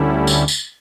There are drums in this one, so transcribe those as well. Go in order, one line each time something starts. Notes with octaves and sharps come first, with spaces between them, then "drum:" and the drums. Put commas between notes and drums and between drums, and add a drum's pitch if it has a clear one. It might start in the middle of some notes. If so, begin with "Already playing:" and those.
Already playing: D2 D3 G3 C#4 E4
drum: tambourine
drum: tambourine